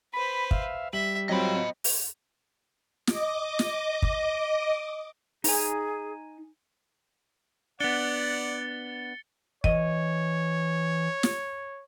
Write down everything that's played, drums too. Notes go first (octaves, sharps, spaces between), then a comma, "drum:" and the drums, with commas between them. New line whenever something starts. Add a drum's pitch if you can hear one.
B4 C5 B5
E5 F5, drum: kick
G3 E5 F#7
F#3 C4 F4 D#5 B5
drum: open hi-hat
D#5 D6, drum: snare
drum: snare
drum: kick
D#4 G#4 G#5, drum: open hi-hat
B3 D4 D5 F#5 A6 C#7 G7
E3 C#5 D#5, drum: kick
drum: snare